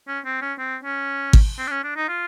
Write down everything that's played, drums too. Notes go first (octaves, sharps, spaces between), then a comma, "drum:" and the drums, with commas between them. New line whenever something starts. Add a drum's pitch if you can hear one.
C#4
C4
C#4
C4
C#4
drum: kick G#1
C4
D4
C#4
D4
D#4
F4